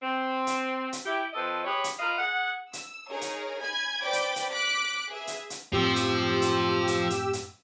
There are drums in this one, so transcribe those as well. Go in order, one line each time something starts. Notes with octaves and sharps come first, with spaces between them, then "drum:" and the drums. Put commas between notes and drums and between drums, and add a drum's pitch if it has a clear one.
C4
drum: hi-hat
drum: hi-hat
E4 G4
F3 C4 A4 B4 D#5
G4 G#4 B4 C#5
drum: hi-hat
F4 A#4 B4 D#5 F5
G#4 F#5
E6, drum: hi-hat
D#4 G#4 A#4 C#5
drum: hi-hat
G#5 B5 G#6
B4 C5 D5 G5 B5 D6
drum: hi-hat
drum: hi-hat
D6 F#6 B6
G#4 B4 E5
drum: hi-hat
drum: hi-hat
F#2 A2 F3 C4 G4 E6
drum: hi-hat
drum: hi-hat
drum: hi-hat
drum: hi-hat
drum: hi-hat